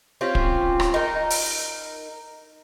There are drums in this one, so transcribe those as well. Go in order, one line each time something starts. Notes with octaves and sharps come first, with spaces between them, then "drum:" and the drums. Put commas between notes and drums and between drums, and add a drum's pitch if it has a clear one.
C4 C#4 F4 G4
drum: kick
drum: rim click
D#4 A#4
drum: open hi-hat